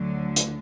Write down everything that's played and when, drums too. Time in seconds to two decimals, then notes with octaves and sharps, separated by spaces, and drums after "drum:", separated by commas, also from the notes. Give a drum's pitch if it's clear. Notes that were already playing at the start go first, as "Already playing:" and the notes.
Already playing: D2 D3 F#3
0.36 drum: hi-hat